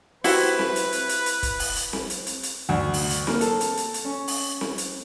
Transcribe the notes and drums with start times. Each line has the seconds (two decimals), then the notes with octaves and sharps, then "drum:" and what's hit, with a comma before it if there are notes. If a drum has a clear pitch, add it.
0.24 E4 F#4 G4 B4 C5, drum: open hi-hat
0.59 drum: snare C4
0.76 drum: hi-hat
0.92 drum: hi-hat
1.09 drum: hi-hat
1.26 drum: hi-hat
1.43 drum: kick, hi-hat
1.59 drum: open hi-hat
1.76 drum: hi-hat
1.93 drum: snare C4
2.10 drum: hi-hat
2.27 drum: hi-hat
2.43 drum: hi-hat
2.69 D2
2.94 drum: open hi-hat
3.10 drum: hi-hat
3.27 A#3, drum: snare C4
3.41 A4, drum: hi-hat
3.61 drum: hi-hat
3.77 drum: hi-hat
3.94 drum: hi-hat
4.05 C#4
4.28 drum: open hi-hat
4.61 drum: snare C4
4.78 drum: hi-hat